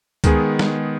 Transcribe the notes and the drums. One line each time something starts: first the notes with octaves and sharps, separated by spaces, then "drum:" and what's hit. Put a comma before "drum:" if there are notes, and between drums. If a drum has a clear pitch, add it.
D#3 G#3 B3 G#4, drum: kick C#2, hi-hat
drum: snare